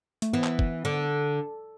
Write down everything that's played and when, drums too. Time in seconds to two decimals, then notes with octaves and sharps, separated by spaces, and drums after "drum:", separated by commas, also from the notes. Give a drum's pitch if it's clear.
0.22 A3, drum: hi-hat
0.33 E3 B3
0.44 drum: clap
0.59 drum: kick
0.85 D3